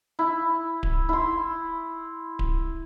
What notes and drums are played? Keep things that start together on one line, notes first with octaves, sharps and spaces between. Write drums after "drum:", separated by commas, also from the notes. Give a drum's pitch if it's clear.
E4
drum: kick D1
E4 C6
drum: kick D1